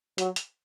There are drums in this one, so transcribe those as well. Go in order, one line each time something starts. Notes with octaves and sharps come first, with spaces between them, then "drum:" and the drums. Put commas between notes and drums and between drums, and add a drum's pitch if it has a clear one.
F#3 F#4, drum: hi-hat
drum: hi-hat